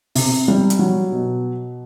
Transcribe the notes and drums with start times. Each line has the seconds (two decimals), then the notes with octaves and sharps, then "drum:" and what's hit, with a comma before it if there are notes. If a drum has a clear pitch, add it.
0.15 C3, drum: open hi-hat
0.48 G3
0.70 drum: hi-hat
0.79 F#3
1.12 B2